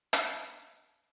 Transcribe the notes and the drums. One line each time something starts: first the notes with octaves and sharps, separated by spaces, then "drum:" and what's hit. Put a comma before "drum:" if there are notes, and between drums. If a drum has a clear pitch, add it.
F#5 G#5 B5 F6, drum: hi-hat